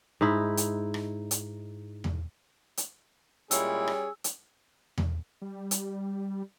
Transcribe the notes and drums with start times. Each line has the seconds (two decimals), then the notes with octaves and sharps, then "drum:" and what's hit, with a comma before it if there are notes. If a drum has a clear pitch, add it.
0.21 G#2 D#4 E4
0.57 drum: hi-hat
0.94 drum: rim click
1.31 drum: hi-hat
2.04 drum: tom E2
2.77 drum: hi-hat
3.51 A#2 G3 G#3 C#4 E4 G#4 C#5 E6, drum: hi-hat
3.88 drum: rim click
4.24 drum: hi-hat
4.98 drum: tom E2
5.42 G3
5.71 drum: hi-hat